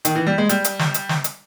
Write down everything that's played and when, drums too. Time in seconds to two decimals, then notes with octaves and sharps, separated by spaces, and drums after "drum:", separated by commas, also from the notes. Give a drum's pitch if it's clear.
0.05 D#3, drum: hi-hat
0.15 E3
0.27 G3
0.38 G#3
0.49 G3, drum: hi-hat
0.64 drum: hi-hat
0.79 drum: snare
0.94 drum: hi-hat
1.09 drum: snare
1.24 drum: hi-hat